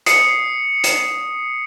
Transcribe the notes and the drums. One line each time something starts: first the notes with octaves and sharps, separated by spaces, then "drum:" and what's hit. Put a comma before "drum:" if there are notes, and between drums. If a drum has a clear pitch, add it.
D#6 C7 C#7, drum: hi-hat
drum: hi-hat